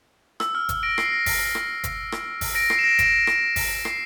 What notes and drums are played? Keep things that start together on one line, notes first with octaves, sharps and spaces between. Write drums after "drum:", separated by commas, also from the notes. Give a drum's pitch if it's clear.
E6, drum: rim click
F6
drum: kick G1, hi-hat
A#6 D7
C7, drum: rim click
A#6
drum: kick G1, open hi-hat
drum: rim click
drum: kick G1, hi-hat
drum: rim click
drum: kick G1, open hi-hat
A#6 D7
C7, drum: rim click
E7
A#6 D7
A#6 D7, drum: kick G1, hi-hat
drum: rim click
drum: kick G1, open hi-hat
C7, drum: rim click